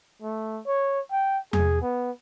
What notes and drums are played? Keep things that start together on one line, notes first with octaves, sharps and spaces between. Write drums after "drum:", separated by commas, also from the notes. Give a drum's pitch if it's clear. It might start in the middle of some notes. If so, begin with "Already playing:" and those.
A3
C#5
G5
G#4, drum: tom E2
B3